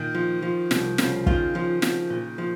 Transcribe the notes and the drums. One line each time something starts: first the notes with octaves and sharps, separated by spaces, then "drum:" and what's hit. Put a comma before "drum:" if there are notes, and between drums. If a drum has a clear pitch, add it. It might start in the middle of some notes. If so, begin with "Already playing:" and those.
Already playing: A#2 D#3
F3
F3
C2, drum: snare
C#3 F3, drum: snare
D#3 F4, drum: kick
F3
F3, drum: snare
A#2
F3